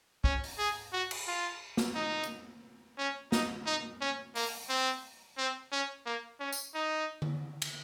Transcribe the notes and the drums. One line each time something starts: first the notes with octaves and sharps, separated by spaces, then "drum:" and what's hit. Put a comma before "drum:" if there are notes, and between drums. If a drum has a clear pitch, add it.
C#4, drum: kick
drum: open hi-hat
G#4
F#4
drum: cymbal
F4
drum: snare
D#4
drum: hi-hat
C#4
D#4, drum: snare
D#4
C#4
A#3, drum: open hi-hat
C4
C4
C#4
A#3
C#4
drum: tambourine
D#4
drum: tom D3
drum: cymbal